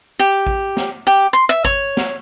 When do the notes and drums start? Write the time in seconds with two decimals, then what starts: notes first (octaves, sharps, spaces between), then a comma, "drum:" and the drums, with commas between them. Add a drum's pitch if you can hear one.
0.19 G4
0.47 drum: kick A1
0.77 drum: snare
1.07 G4
1.33 C6
1.49 E5
1.65 C#5, drum: kick A1
1.97 drum: snare